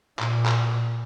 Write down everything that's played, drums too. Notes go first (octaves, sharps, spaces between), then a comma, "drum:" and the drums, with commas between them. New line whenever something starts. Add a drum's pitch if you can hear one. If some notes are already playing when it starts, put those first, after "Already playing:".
A#2, drum: clap
drum: clap